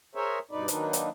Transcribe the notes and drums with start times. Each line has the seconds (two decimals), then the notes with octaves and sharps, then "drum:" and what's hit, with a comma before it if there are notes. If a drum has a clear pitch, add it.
0.15 G#4 A#4 C5 C#5 E5
0.51 G2 B2 D#4 B4 D5
0.68 D#3 F#3 A#3 D4 D#4 B4, drum: hi-hat
0.93 drum: hi-hat